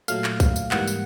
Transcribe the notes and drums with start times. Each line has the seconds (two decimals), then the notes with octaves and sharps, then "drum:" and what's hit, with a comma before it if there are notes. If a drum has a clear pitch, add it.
0.08 A#2 F#3 A3 F5, drum: tambourine
0.24 drum: clap
0.40 drum: kick C2, tambourine
0.56 drum: tambourine
0.71 G#2 E3 G3 A#3 F#5, drum: clap
0.87 drum: tambourine